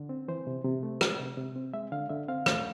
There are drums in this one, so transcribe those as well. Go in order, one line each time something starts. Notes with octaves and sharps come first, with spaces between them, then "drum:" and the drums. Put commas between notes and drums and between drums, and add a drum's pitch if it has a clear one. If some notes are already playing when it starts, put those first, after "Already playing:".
Already playing: D3
C4
E3 C5
C3
C3
A3
G#3, drum: rim click
C3
C3
C4
G#3 E5
D3 F5
D3 E5
C4 F5
A3, drum: rim click